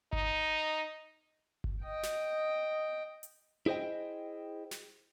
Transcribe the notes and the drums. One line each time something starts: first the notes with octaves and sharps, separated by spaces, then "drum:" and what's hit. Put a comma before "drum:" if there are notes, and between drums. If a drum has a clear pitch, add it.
D#4, drum: kick G1
drum: kick G1
D#5 G5
drum: snare
drum: hi-hat
E4 G#4 C5 D#5 G5
drum: snare